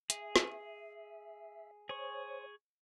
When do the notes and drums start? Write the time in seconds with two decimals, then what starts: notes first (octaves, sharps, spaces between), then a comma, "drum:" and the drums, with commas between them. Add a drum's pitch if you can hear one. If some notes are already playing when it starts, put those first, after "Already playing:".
0.10 G#4 E5, drum: hi-hat
0.36 drum: snare
1.89 G#4 C5 C#5 C#6